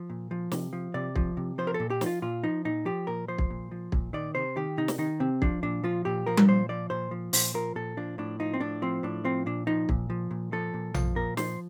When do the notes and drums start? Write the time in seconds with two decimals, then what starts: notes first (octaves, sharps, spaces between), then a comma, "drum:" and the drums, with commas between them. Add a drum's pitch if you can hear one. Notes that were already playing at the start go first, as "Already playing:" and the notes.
Already playing: F3
0.10 A#2
0.31 F3
0.52 C3, drum: snare
0.73 F3
0.94 C3 D5
1.16 F3, drum: kick
1.37 C3
1.58 F3 C5
1.67 A#4
1.74 A4
1.80 A#2
1.90 G4
2.01 F3, drum: snare
2.06 F4
2.22 A#2 F4
2.44 F3 D#4
2.65 A#2 D#4
2.85 F3 G4
3.07 A#2 A#4
3.28 F3 C5
3.38 drum: kick
3.50 A#2
3.71 F3
3.92 A#2, drum: kick
4.13 D#3 D5
4.35 C3 C5
4.56 D#3 G4
4.77 C3 D#4
4.88 drum: snare
4.98 D#3 D#4
5.20 C3 C4
5.42 F3 D4, drum: kick
5.63 A#2 D4
5.84 F3 F4
6.05 A#2 G4
6.26 F3 A#4
6.37 drum: tom G3
6.48 A#2 C5
6.69 F3 D5
6.90 A#2 C5
7.11 F3
7.33 A#2 C5, drum: open hi-hat
7.54 F3 A#4
7.76 A#2 A4
7.97 F3 D4
8.18 A2 D4
8.40 F3 D#4
8.54 C4
8.60 A2 D4
8.82 F3 C4
9.03 A2 D4
9.25 F3 C4
9.46 A#2 D4
9.67 F3 D#4
9.89 A#2, drum: kick
10.10 F3
10.31 A#2
10.53 F3 A4
10.74 A#2
10.94 F3, drum: tom A#1
11.16 A#2 A#4
11.37 F3 C5, drum: snare